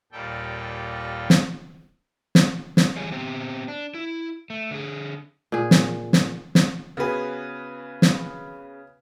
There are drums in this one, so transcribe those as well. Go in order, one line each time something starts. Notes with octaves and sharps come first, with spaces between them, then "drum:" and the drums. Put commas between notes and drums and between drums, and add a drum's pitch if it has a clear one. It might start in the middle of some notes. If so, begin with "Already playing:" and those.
D#2 A#2 G3 A4 G5
drum: snare
drum: snare
drum: snare
E3 G3 G#4 C#5
B3 C4 G4 C5
D4
E4
A3
D3 G#4
A#2 G#4
drum: snare
drum: snare
drum: snare
C#3 B3 F#4 G#4 B4
drum: snare